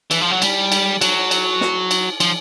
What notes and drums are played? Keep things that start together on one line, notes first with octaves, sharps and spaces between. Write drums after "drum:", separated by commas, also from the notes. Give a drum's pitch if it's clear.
E3, drum: cymbal
F3
F#3
G3, drum: cymbal
drum: cymbal
F#3, drum: cymbal
drum: cymbal
drum: snare
drum: cymbal
F3, drum: cymbal